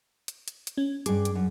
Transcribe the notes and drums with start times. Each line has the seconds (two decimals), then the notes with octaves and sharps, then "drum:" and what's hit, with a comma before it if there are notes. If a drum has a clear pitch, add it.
0.28 drum: hi-hat
0.48 drum: hi-hat
0.67 drum: hi-hat
0.77 C#4
1.06 G2 G#4 D6, drum: hi-hat
1.25 drum: hi-hat
1.35 F#2